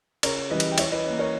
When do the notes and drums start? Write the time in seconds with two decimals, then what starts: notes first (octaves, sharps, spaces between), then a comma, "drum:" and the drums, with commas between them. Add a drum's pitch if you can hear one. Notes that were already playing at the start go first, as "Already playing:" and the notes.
0.23 C#3 A#4 C#5, drum: cymbal
0.50 E3 G3 C#4 B4 D#5
0.60 drum: cymbal
0.72 G5
0.78 E3 C#5 E5, drum: cymbal
0.92 B4 D#5
1.06 A#3 C#4
1.19 A#4 C#5